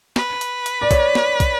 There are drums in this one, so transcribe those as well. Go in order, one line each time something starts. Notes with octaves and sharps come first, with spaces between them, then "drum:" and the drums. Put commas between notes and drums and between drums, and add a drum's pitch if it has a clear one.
B4, drum: snare
drum: hi-hat
drum: hi-hat
D5
C#5, drum: kick, hi-hat
drum: snare
drum: kick, hi-hat